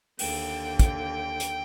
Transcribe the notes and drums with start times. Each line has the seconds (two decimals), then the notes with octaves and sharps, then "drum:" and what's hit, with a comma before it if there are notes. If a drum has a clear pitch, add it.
0.19 D#2 D3 G5, drum: open hi-hat
0.79 drum: kick, hi-hat
1.40 drum: hi-hat